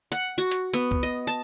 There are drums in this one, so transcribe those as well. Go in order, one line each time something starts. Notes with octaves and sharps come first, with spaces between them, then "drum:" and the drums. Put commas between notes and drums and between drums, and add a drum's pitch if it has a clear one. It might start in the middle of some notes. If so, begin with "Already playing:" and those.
F#5, drum: hi-hat
F#4
drum: hi-hat
B3, drum: hi-hat
drum: kick
D#5
A5